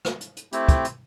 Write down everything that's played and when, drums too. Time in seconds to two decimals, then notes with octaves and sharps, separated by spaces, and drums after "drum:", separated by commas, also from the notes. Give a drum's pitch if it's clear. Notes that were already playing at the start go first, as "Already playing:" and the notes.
0.05 drum: rim click
0.21 drum: hi-hat
0.37 drum: hi-hat
0.52 A3 C4 E4 G4, drum: hi-hat
0.69 drum: kick, hi-hat
0.84 drum: hi-hat